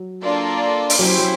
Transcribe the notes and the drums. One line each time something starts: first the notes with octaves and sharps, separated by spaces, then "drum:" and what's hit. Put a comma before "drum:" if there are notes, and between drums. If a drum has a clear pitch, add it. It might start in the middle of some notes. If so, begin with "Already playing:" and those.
Already playing: F#3
A#3 D4 F4 A4 D5
drum: open hi-hat
F#3 C#4 E4 G4 C5
F#3